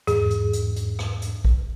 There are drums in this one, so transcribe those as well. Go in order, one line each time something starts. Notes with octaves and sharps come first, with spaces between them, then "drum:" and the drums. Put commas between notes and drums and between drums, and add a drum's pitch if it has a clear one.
E2 G#2 G#4, drum: hi-hat
drum: hi-hat
drum: hi-hat
drum: hi-hat
drum: rim click
drum: hi-hat
drum: kick A#1